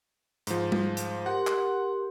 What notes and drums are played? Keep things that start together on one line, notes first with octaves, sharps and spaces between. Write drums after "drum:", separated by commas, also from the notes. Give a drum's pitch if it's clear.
G#2 F3, drum: hi-hat
drum: tom G3
drum: hi-hat
G4 A#4 F#5 C6
drum: clap